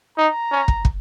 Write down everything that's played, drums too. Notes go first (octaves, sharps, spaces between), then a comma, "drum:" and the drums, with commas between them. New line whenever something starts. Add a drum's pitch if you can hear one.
D#4 A#5
C#4
drum: kick
drum: kick